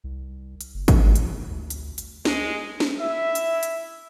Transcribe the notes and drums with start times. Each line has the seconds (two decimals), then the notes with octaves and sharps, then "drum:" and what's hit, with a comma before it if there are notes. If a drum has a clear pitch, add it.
0.04 C2
0.61 drum: hi-hat
0.74 F#1
0.88 drum: kick, hi-hat
1.15 drum: hi-hat
1.50 D2
1.70 drum: hi-hat
1.98 drum: hi-hat
2.25 G#3, drum: snare
2.80 drum: snare
2.99 E4 E5
3.35 drum: hi-hat
3.63 drum: hi-hat